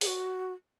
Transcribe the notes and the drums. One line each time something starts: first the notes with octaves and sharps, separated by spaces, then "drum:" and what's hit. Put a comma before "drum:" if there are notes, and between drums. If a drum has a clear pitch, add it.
G#4, drum: open hi-hat
F#4